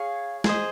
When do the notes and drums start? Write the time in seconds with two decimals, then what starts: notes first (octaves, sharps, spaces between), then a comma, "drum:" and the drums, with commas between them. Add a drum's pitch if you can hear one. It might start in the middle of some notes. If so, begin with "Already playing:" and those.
Already playing: G#4 C#5 F5
0.44 G#4 C5 D#5, drum: snare